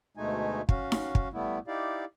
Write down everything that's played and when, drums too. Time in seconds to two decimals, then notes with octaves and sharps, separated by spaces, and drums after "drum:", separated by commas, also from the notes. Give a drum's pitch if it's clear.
0.17 D2 B2 G#3 A3 D#4 G#5
0.69 C#4 F#4 F5, drum: kick
0.92 drum: snare D#4
1.15 drum: kick
1.34 G3 A3 B3 E4
1.68 D#4 E4 G4 D5 F5